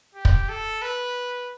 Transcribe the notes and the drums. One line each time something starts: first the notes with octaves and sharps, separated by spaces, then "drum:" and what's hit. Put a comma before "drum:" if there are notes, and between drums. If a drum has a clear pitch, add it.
G4
drum: kick
A4
B4